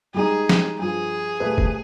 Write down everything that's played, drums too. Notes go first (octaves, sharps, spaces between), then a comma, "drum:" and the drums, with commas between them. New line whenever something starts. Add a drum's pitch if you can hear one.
G3 G#3 D#4 G#4
drum: snare
G2 F3 G#4
D#1 A3 B4
drum: kick